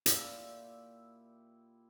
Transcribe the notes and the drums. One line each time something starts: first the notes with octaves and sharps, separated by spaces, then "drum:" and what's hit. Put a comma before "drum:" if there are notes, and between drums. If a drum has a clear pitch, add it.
A#2 E4 G4 E5, drum: hi-hat